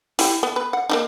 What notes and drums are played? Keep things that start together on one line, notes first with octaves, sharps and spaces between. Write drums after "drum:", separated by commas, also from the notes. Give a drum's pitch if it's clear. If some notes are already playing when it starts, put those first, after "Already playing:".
E4 G4, drum: open hi-hat
B3
B4
F#5
A#3 C#4 D#4